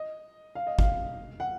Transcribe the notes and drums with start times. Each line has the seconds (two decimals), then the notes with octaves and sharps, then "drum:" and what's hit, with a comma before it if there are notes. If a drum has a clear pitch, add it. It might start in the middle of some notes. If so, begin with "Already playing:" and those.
Already playing: D#5
0.55 F5
0.67 D#5
0.79 F5, drum: kick G#1
1.40 F#5